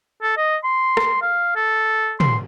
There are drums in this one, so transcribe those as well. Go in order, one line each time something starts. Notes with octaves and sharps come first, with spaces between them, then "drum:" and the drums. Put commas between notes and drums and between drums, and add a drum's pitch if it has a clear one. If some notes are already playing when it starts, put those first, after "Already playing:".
A4
D#5
C6
drum: rim click
F5
A4
C6, drum: tom